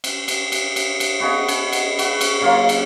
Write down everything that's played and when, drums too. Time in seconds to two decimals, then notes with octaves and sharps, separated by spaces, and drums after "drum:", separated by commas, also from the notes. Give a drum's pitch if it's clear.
0.04 drum: cymbal
0.28 drum: cymbal
0.52 drum: cymbal
0.76 drum: cymbal
1.00 drum: cymbal
1.20 B3 F#4 G#4 D#5
1.48 G#4, drum: cymbal
1.73 drum: cymbal
1.99 F#4, drum: cymbal
2.21 drum: cymbal
2.41 C#3 F#3 A#3 F4
2.69 drum: cymbal